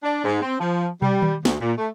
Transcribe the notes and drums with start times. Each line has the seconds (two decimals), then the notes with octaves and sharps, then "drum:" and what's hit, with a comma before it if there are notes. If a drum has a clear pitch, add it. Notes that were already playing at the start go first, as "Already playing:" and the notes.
0.03 D4
0.25 G#2
0.42 C4
0.60 F3
1.02 G3, drum: tom
1.22 drum: tom D#3
1.45 D2, drum: snare
1.61 A#2
1.78 A3